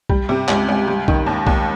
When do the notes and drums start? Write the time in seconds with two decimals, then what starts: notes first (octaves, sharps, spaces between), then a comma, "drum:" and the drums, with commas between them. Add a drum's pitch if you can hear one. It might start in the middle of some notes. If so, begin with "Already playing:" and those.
0.09 G3, drum: kick B1
0.29 C3
0.49 C#2, drum: clap
0.69 C#2
0.87 G3
1.08 D#3, drum: kick B1
1.26 D#2
1.47 D#2, drum: kick B1